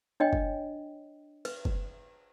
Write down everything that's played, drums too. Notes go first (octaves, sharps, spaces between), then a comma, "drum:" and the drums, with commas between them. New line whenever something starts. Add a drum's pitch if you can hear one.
D4 C#5 D#5 G5
drum: kick
B4, drum: cymbal
drum: kick